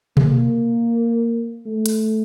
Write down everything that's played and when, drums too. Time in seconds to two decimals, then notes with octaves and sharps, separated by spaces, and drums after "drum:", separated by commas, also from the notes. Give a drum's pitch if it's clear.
0.17 A#3, drum: tom B2
1.66 A3
1.86 drum: hi-hat